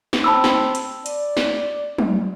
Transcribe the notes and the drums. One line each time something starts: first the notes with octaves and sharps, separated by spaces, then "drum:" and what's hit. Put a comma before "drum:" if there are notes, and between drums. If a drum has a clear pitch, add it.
drum: snare
C4 A5 B5 E6
drum: snare
drum: hi-hat
D5, drum: hi-hat
drum: snare
drum: tom F#3